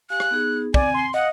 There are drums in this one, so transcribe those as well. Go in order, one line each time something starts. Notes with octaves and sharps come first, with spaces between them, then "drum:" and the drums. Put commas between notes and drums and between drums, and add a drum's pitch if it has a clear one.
G4 F5 G#5 F#6
drum: rim click
B3 D#4 G#4
C4 D5 G#5, drum: kick
C6
D#5 F5 F#5